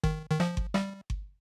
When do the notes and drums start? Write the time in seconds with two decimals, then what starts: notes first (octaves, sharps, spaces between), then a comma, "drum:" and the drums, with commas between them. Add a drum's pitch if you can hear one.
0.04 D#3, drum: kick G1
0.31 D#3
0.40 F3, drum: rim click
0.57 drum: kick G1
0.74 G3, drum: rim click
1.10 drum: kick G1